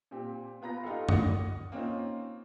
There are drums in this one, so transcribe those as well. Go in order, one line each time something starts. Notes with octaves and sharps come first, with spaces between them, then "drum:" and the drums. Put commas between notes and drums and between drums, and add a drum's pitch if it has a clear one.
A#2 C4 G4
B3 F4 A#5 B5 A#6
D#4 F4 G4 A4 F5
F#5 D#6 A#6 C#7, drum: tom
A#3 C4 C#4 D#4 F4